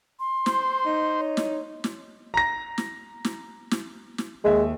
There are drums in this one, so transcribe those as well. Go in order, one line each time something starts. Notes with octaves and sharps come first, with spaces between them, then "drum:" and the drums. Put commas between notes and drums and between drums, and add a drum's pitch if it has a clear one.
C6
C5, drum: snare
D#4
C#5
drum: snare
drum: snare
A#5 A#6
drum: snare
drum: snare
drum: snare
drum: snare
D#2 G#3 E5